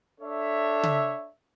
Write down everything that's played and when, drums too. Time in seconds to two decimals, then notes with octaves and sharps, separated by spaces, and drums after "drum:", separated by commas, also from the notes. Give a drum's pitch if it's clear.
0.21 D4 A4 C#5 E5
0.83 drum: tom C#3